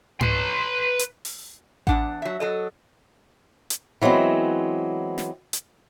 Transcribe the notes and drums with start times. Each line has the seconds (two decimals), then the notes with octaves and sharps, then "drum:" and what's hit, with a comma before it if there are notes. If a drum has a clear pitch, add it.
0.21 B4 C6, drum: tom G#2
0.99 drum: hi-hat
1.25 drum: open hi-hat
1.87 E2 D4 F#5, drum: kick A1
2.22 F#3 E5
2.40 F#3 A4 D#5
3.70 drum: hi-hat
4.02 E3 F#3 G#3 B3 C4
5.18 drum: snare
5.53 drum: hi-hat